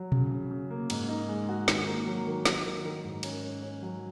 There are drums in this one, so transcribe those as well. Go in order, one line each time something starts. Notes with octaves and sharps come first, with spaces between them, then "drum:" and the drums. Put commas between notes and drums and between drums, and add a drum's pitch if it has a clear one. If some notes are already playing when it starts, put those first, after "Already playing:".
Already playing: F#3
C#3, drum: tom B2
C#3
C#3
A#3
G#2, drum: cymbal
D#4
G#3
F#4
D#3, drum: snare
A#3
F#3
D#3
D#4, drum: snare
D#3
D#3
G#2
C#4, drum: cymbal
C#4
C#4
F#3